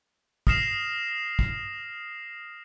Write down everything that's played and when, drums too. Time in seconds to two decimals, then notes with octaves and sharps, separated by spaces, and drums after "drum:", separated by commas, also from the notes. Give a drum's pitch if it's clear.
0.47 D#6 F6 A#6 C7 E7, drum: kick
1.39 drum: kick